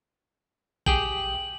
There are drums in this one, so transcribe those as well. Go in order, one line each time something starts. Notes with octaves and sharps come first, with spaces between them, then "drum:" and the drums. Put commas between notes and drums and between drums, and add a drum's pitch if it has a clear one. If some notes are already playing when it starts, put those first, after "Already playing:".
G4 G#4 G5 F#7, drum: kick A#1